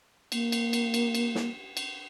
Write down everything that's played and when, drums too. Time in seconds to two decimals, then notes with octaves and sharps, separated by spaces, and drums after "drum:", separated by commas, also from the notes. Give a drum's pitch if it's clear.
0.32 A#3, drum: cymbal
0.52 drum: cymbal
0.73 drum: cymbal
0.94 drum: cymbal
1.15 drum: cymbal
1.35 drum: snare
1.77 drum: cymbal